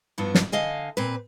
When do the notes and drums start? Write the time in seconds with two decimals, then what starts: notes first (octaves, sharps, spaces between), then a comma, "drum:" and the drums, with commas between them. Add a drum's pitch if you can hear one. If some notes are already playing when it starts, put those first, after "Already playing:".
0.18 G2 F3 B3 D4
0.35 drum: snare
0.52 D3 D#5 F5 G#5
0.97 A#2 C4 B4